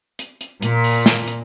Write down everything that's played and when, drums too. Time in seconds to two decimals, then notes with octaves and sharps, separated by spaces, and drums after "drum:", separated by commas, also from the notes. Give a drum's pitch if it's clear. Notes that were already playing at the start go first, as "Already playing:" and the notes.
0.19 drum: hi-hat
0.41 drum: hi-hat
0.62 A#2, drum: hi-hat
0.84 drum: open hi-hat
1.06 drum: snare
1.28 drum: hi-hat